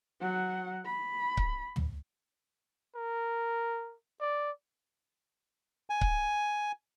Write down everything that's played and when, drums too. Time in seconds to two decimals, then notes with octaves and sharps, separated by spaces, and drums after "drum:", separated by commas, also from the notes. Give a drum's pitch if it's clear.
0.21 F#3 F#5
0.85 B5
1.37 drum: kick C#1
1.76 drum: tom
2.95 A#4
4.21 D5
5.90 G#5
6.01 drum: kick C#1